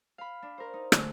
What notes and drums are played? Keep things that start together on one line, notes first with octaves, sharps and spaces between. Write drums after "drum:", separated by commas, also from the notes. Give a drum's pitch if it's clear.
F5 B5
D4
A#4 C5
D#4
D3 A3 G#4, drum: rim click